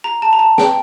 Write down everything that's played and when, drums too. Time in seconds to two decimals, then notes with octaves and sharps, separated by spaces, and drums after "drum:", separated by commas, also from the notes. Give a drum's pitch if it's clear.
0.04 A#5
0.22 A5
0.33 A#5
0.39 A5
0.58 G5, drum: snare